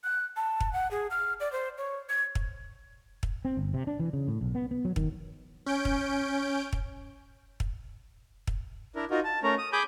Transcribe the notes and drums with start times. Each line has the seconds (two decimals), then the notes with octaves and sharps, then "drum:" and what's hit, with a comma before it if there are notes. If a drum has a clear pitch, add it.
0.04 F#6
0.36 A5
0.60 drum: kick
0.73 F#5
0.91 G#4
1.11 F6
1.40 D5
1.52 C5
1.78 C#5
2.09 G#6
2.35 drum: kick
3.23 drum: kick
3.45 C4
3.57 G1
3.74 C3
3.87 D4
4.00 E3
4.13 C#3
4.28 A2
4.41 B1
4.55 B3
4.71 B3
4.85 F#3
4.96 D#3, drum: kick
5.66 C#4 G6 D7
5.85 drum: kick
6.73 drum: kick
7.60 drum: kick
8.47 drum: kick
8.96 D4 E4 A#4
9.11 D#4 F4 F#4 A#4
9.24 A5
9.43 A3 C#4 A#4 A#5
9.58 D#6
9.73 G#4 G#5 B5 D6 D#6 G6